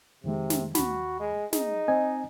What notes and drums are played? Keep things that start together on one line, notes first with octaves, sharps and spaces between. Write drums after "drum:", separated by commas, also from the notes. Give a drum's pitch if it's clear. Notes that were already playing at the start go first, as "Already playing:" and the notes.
F2 C3 D#3 G#3
drum: snare
D#2 F#4 B5, drum: snare
G#3
D#4 G#4, drum: snare
C4 D#5 G#5